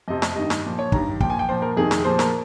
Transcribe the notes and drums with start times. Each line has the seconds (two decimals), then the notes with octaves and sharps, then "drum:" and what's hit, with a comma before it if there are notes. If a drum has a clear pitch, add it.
0.08 F2 C3 F3 D#5
0.22 drum: snare
0.36 G2 D#3 D#5
0.50 drum: snare
0.65 A#2 F3
0.79 C#5
0.92 G2 D#3 A#5, drum: kick
1.20 A#2 F3 G5, drum: kick
1.30 G#5
1.39 G5
1.49 A#2 F3 C5
1.62 A#4
1.77 F2 C3 D#3 G#4
1.91 drum: snare
2.04 A#2 F3 C5
2.19 A#4, drum: snare